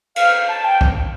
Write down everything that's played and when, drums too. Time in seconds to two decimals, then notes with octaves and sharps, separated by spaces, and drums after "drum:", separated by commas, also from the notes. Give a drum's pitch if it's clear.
0.16 F5, drum: cymbal
0.48 A5
0.64 G5
0.81 drum: kick